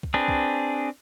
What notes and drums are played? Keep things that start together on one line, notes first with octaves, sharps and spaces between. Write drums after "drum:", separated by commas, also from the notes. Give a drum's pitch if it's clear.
drum: kick
C4 D4 G#4 B4
drum: kick